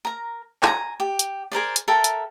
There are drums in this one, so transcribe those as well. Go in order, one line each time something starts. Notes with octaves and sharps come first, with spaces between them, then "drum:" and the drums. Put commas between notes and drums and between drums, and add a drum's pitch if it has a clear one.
A#4 A#5
G#5 A#5, drum: clap
G4
drum: hi-hat
G#4 A#4 C5 D5
drum: hi-hat
A4 A#4 E5 G5
drum: hi-hat